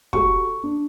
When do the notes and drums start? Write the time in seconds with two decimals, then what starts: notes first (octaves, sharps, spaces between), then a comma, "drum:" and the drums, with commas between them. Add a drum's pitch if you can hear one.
0.13 F#4 G4 A4 C#6, drum: kick
0.63 D4